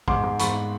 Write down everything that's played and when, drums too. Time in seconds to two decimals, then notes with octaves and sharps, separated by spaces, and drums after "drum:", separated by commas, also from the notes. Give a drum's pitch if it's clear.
0.08 G#2 C6 D6, drum: kick A1
0.24 G#2
0.39 G#2 B5 C#6, drum: hi-hat